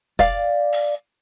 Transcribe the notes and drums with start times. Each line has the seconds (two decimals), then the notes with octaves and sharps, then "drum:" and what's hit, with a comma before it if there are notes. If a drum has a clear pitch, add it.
0.19 D5 F5, drum: kick
0.73 drum: open hi-hat